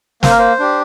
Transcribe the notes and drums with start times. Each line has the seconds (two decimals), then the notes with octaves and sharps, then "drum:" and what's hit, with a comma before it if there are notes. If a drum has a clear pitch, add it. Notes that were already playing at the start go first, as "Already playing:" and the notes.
0.23 A#3 C5, drum: snare
0.30 A#4
0.39 C5
0.59 D4 G4